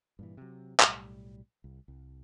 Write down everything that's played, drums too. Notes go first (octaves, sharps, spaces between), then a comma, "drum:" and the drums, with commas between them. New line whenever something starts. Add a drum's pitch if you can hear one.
G2 A#2 E3
C3 F#3
B1 A2 G3, drum: clap
C2
C2